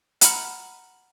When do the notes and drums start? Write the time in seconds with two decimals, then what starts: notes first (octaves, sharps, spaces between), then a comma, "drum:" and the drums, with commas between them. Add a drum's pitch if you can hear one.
0.21 F#5 A#5 B5 F6, drum: hi-hat